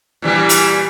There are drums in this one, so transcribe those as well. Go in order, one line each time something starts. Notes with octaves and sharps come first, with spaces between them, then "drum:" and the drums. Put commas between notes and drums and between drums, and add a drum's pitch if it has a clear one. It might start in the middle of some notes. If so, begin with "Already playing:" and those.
A#2 E3 G3
drum: hi-hat